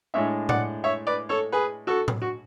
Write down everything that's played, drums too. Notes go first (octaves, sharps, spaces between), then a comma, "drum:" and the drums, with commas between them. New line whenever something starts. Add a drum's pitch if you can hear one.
A2 G#3 D4 C#5 E5
D5 F#5, drum: tom A2
C#5 E5
B4 D5
A4 C#5
G#4 B4
F#4 A4
drum: tom A2
F#4